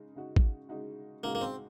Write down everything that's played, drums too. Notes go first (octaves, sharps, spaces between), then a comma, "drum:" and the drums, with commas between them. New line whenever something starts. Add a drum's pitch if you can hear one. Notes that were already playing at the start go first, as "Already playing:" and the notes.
Already playing: C#3 G#3 D#4
C#3 G#3 D#4 F#4
drum: kick
C#3 G#3 D#4 F#4
C#3 G#3 A#3 D#4 F#4
A#3
C4